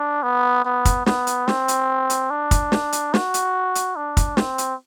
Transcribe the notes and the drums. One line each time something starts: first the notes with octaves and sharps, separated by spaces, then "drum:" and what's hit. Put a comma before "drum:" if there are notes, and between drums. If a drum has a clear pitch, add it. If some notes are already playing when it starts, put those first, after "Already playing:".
Already playing: D4
B3
B3
drum: kick, hi-hat
B3, drum: snare
drum: hi-hat
C4, drum: snare
drum: hi-hat
drum: hi-hat
D4
drum: kick, hi-hat
drum: snare
drum: hi-hat
F#4, drum: snare
drum: hi-hat
drum: hi-hat
D4
drum: kick, hi-hat
C4, drum: snare
drum: hi-hat